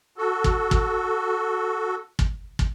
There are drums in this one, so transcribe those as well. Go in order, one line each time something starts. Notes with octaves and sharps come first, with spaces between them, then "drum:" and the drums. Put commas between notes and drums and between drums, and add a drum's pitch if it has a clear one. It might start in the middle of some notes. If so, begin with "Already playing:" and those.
F#4 A4
drum: kick
drum: kick
drum: kick
drum: kick